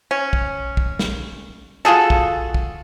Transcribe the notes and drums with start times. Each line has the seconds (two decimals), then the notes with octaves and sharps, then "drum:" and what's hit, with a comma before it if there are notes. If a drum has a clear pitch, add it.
0.11 C#4
0.33 drum: kick
0.77 drum: kick
0.99 drum: snare
1.85 F4 F#4 G#4 A4
2.10 drum: kick
2.54 drum: kick